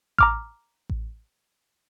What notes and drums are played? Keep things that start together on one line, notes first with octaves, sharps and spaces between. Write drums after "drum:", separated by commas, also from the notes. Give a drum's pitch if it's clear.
A#5 D6 F6, drum: kick A1
drum: kick A1